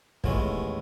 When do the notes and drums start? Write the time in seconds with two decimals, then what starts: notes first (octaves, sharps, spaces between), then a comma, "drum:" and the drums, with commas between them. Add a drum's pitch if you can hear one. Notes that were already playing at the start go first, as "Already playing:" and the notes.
0.24 A1 D#2 A2 G#3 B3 C#5, drum: kick